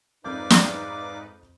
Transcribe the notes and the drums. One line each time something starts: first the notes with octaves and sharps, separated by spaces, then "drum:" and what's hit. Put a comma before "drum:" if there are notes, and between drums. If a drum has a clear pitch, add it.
F2 G#2 D#4 B4 D5 F5 D6 G6
drum: snare